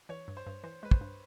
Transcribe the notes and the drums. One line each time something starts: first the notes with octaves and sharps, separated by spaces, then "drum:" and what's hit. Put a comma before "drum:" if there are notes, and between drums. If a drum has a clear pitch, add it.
E3 C#5
G2
C5
G2
E3 C5
G#3 B4
C5, drum: kick
G2